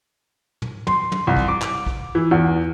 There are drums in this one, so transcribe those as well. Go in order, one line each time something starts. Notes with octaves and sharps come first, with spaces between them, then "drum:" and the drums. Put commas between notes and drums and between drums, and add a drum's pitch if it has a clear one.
drum: tom
C6, drum: tom
drum: tom
C2
drum: kick
D6
drum: clap
drum: kick
E3
E2